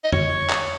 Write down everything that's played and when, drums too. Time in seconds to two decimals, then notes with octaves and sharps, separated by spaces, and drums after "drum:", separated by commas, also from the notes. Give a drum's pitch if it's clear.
0.04 D#5
0.12 C#5, drum: tom F2
0.50 drum: clap